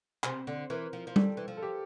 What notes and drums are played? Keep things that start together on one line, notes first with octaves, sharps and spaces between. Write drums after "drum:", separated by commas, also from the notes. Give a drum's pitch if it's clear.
C3 C5, drum: clap
D3
E3 A#4
F3
F3
G3 A4, drum: tom G3
E3
F3
A4
G4